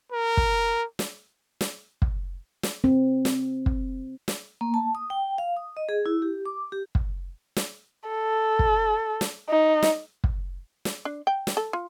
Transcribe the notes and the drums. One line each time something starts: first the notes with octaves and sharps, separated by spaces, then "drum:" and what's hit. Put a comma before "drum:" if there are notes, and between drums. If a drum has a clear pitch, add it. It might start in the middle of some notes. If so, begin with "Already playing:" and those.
A#4
drum: kick
drum: snare
drum: snare
drum: kick
drum: snare
C4
drum: snare
drum: kick
drum: snare
A#3
A5
D#6
G5
F5
D#6
D#5
G#4
E4
G4
D6
G4
drum: kick
drum: snare
A4
drum: kick
drum: snare
D#4
drum: snare
drum: kick
drum: snare
D4
G5
drum: snare
A4
F4